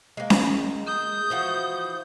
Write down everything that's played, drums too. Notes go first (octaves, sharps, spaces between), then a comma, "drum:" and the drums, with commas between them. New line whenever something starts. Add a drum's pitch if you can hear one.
G#3 A#3
drum: snare C#4
D#6 G6
E3 F3 F#4